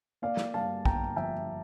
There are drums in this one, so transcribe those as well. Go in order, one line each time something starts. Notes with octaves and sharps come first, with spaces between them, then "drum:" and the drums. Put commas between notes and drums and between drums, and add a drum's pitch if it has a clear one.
A#3 D5 F5
drum: snare
G2 F5 A5
G1 G5 A#5, drum: kick
F3 E5 G5